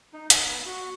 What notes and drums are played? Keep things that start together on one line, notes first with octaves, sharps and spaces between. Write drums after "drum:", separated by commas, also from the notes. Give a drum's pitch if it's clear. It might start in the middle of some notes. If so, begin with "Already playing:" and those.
D#4
D#6, drum: hi-hat
B3
F#4